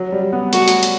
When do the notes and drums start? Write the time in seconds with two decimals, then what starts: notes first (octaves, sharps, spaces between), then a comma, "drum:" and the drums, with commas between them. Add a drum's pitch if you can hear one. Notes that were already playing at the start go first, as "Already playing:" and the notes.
Already playing: F#3
0.12 G3
0.33 B3
0.53 A3 F#4, drum: hi-hat
0.68 drum: hi-hat
0.83 drum: hi-hat